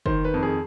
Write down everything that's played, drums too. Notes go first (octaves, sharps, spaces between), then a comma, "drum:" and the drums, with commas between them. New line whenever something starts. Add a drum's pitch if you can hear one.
D#3 C5, drum: kick F#1
B4
F2
G#4